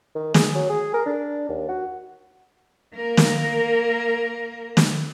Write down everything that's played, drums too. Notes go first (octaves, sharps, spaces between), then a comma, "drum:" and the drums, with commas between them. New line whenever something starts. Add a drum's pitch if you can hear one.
D#3
G#4, drum: snare
F#3
G#4
A#4
D4
D#2
F#4
A#3 A#4
drum: snare
drum: snare